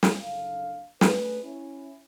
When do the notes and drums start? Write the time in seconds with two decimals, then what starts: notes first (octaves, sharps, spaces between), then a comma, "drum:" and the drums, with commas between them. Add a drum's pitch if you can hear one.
0.03 drum: snare
0.20 F#1 C2 D3 D4 A4 F5
1.01 A3 C#4 D4 G#4 A4 B4, drum: snare
1.43 C#4 E4